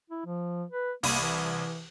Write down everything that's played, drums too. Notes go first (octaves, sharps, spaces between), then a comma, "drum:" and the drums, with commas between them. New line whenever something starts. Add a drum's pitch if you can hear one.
E4
F3
B4
C2 A#3 B5 D#7, drum: open hi-hat
E3